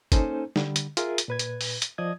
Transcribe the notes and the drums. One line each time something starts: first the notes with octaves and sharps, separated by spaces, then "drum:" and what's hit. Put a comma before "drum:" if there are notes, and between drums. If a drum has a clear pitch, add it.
A#3 C#4 D#4 A4 C5 G#5, drum: kick G1, hi-hat
D3 G3, drum: snare
drum: hi-hat
F4 G#4 A#4 E5, drum: hi-hat
drum: hi-hat
A#2 B4 G#6
drum: hi-hat
drum: open hi-hat
drum: hi-hat
F3 D5 D#5 D#6 G#6